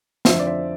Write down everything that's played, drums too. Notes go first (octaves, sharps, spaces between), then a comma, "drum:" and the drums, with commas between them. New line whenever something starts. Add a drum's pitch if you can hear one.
F2 D3 F3 C5 E5, drum: snare
D5
C5 E5